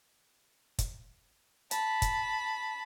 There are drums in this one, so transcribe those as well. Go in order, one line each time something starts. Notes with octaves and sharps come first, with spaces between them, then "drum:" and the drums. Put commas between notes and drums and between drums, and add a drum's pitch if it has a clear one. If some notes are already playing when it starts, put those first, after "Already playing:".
drum: kick, hi-hat
A5 B5, drum: hi-hat
drum: kick, hi-hat